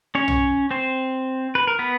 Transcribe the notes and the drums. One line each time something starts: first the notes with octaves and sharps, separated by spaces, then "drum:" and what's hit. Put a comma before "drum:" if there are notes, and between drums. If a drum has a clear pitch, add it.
C#4 C#5
drum: tom
C4 C5
B4
A#4
B3 B4